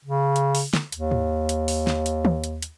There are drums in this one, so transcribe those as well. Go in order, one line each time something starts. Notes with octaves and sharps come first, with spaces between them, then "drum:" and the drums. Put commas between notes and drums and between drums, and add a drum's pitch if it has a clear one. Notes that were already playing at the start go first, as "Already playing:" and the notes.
C#3
drum: hi-hat
drum: open hi-hat
drum: snare
D#2, drum: hi-hat
drum: tom G#2
drum: hi-hat
drum: open hi-hat
drum: snare
drum: hi-hat
drum: tom
drum: hi-hat
drum: hi-hat